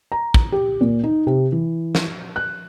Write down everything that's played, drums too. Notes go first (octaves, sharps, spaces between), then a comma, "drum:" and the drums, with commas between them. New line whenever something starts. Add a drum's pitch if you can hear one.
A#5
drum: kick
G4
A#2
D#4
C3
E3
drum: snare
F#6